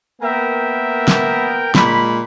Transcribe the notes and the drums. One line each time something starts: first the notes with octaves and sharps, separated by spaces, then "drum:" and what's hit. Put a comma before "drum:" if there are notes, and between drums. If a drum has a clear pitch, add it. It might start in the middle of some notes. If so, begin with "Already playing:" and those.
A#3 B3 A#4 E5 G5
drum: snare
A#2 G#3 B5, drum: snare